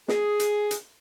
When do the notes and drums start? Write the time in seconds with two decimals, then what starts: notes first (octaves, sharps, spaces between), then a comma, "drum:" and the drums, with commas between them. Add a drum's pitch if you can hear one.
0.08 G#4, drum: snare
0.40 drum: hi-hat
0.71 drum: hi-hat